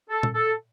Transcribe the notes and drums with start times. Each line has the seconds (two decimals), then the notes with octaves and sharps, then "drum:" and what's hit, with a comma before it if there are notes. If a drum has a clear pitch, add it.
0.10 A4
0.23 drum: tom A#2
0.35 A4